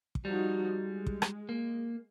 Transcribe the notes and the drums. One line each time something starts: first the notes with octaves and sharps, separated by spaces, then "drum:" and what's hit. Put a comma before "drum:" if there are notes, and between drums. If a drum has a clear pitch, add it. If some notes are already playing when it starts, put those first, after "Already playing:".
drum: kick
F3 G3 D#4 F#4
G#3
drum: kick
drum: rim click
A#3